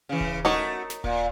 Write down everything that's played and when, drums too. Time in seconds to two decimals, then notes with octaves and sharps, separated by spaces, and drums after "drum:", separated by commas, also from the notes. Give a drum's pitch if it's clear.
0.09 C#3 E3
0.20 drum: kick D#1
0.45 A3 D#4 F#4 A#4 C#5
0.90 drum: snare
1.04 A#2, drum: kick D#1